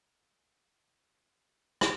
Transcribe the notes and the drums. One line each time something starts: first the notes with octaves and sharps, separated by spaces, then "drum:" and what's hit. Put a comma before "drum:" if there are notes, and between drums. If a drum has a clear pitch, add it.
F5 C6
G1 F#5 C#6 D#6
drum: rim click